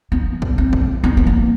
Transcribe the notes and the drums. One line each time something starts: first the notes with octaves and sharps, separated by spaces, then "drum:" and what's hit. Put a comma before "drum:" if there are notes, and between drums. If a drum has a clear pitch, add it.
B3
drum: kick A#1
C4
drum: kick A#1
B3
B3
A#3